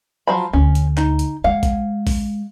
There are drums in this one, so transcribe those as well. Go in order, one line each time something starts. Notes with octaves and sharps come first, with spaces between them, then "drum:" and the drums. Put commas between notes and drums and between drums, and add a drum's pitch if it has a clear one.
F3 F#3 B5
D2 C#4
drum: hi-hat
D#4, drum: clap
drum: hi-hat
G#3 F5 F#5
drum: kick, hi-hat
drum: kick, open hi-hat